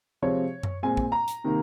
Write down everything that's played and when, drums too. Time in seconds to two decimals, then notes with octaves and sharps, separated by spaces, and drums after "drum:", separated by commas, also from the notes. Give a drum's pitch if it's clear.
0.22 C3 F3 G#3 C4 C#5
0.63 drum: tom F#2
0.83 A#2 G#3 C4 G#5
0.97 drum: kick
1.12 A#5
1.28 drum: hi-hat
1.44 C3 D#3 A#3